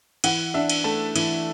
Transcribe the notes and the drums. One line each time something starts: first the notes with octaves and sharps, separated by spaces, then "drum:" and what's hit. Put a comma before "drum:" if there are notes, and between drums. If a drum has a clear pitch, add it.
E3 F#5, drum: cymbal
D4 E5
drum: cymbal
A3 A5
E3, drum: cymbal